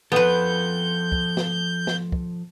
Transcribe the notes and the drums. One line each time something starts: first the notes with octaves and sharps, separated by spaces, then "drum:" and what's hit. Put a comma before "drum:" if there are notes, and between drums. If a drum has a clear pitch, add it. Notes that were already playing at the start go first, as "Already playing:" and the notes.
F3 B3 A4 B4 G6
drum: kick
drum: snare
drum: snare
drum: kick